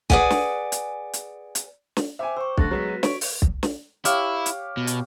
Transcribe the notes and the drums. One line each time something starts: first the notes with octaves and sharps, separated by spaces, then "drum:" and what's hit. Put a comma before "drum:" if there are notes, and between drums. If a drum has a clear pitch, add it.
G#4 B4 D5 F#5 G#5, drum: kick
drum: snare
drum: hi-hat
drum: hi-hat
drum: hi-hat
drum: snare
C5 E5 G5 G#5 D6
C5 C#6 E6
D3 A3 F#6 A6 A#6, drum: kick
F#3 G#3 B3 B4 B6
F#4
C#5 D7, drum: snare
drum: open hi-hat
drum: kick
drum: snare
E4 G4 C#5 F5, drum: hi-hat
drum: hi-hat
B2
drum: hi-hat